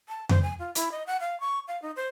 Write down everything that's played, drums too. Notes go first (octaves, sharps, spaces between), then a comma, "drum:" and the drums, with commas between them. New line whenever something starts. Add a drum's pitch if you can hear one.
A5
C5, drum: tom F2
G#5
F4
E4, drum: hi-hat
D#5
F#5
F5
C#6
F5
D#4
C5